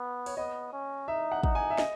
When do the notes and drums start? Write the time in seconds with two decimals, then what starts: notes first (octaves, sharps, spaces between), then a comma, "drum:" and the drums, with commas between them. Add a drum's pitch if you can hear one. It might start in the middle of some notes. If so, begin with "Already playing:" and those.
Already playing: B3
0.26 C#5, drum: open hi-hat
0.37 B3 D#5
0.73 C#4
1.08 D#4 E5
1.32 F#5
1.43 D#4, drum: kick
1.55 G#5
1.70 E5
1.78 D#5, drum: snare